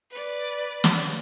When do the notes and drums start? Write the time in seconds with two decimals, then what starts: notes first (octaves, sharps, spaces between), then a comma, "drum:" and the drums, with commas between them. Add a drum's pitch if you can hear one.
0.10 B4 D5
0.84 drum: snare